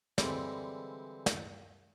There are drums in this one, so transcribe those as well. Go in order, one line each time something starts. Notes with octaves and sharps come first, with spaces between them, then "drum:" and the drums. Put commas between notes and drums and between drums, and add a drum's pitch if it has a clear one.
D3 E3 G3 G#3 C4, drum: snare
drum: snare